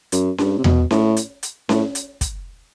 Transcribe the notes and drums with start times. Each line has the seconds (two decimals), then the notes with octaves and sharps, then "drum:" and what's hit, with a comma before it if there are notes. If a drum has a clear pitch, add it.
0.12 F#2, drum: hi-hat
0.38 G2, drum: snare C#4
0.57 C3
0.64 B2, drum: tom E2
0.91 A2, drum: snare C#4
1.17 drum: hi-hat
1.43 drum: hi-hat
1.69 A2, drum: snare C#4
1.95 drum: hi-hat
2.21 drum: kick, hi-hat